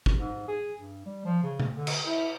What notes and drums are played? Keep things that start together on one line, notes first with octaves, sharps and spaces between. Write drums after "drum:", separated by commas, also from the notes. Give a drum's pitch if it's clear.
drum: kick
G#2
G#4
G2
G3
F3
C#3
drum: tom C3
D3
drum: cymbal
E4